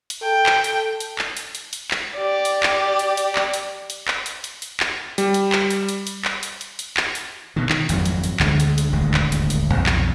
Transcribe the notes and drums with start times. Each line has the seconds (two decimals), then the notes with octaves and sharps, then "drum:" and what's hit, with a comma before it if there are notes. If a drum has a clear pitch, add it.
0.10 drum: hi-hat
0.22 A4 G5
0.46 drum: clap
0.64 drum: hi-hat
1.00 drum: hi-hat
1.19 drum: clap
1.37 drum: hi-hat
1.55 drum: hi-hat
1.73 drum: hi-hat
1.91 drum: clap
2.17 G4 D5
2.45 drum: hi-hat
2.63 drum: clap
2.99 drum: hi-hat
3.17 drum: hi-hat
3.35 drum: clap
3.54 drum: hi-hat
3.90 drum: hi-hat
4.08 drum: clap
4.26 drum: hi-hat
4.44 drum: hi-hat
4.62 drum: hi-hat
4.80 drum: clap
5.18 G3, drum: hi-hat
5.34 drum: hi-hat
5.52 drum: clap
5.70 drum: hi-hat
5.89 drum: hi-hat
6.07 drum: hi-hat
6.25 drum: clap
6.43 drum: hi-hat
6.61 drum: hi-hat
6.79 drum: hi-hat
6.97 drum: clap
7.15 drum: hi-hat
7.56 B2 D#3
7.69 D#3, drum: clap
7.89 G#1 F2 C#3 F#3, drum: hi-hat
8.06 drum: hi-hat
8.24 drum: hi-hat
8.40 D2 D3 G#3, drum: clap
8.60 drum: hi-hat
8.78 drum: hi-hat
8.93 D#1 G#1 D2 G#3
9.14 drum: clap
9.32 drum: hi-hat
9.50 drum: hi-hat
9.73 B1 F2 A#2
9.86 drum: clap